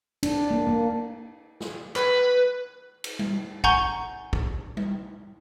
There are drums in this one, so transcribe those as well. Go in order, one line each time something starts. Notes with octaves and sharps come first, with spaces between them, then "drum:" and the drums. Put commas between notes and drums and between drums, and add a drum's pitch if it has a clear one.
D4, drum: cymbal
A#3
A#3
drum: snare
B4, drum: clap
drum: cymbal
drum: tom G3
F#5 G#5 A#5 C#6 G6 G7, drum: kick
drum: kick
drum: tom G3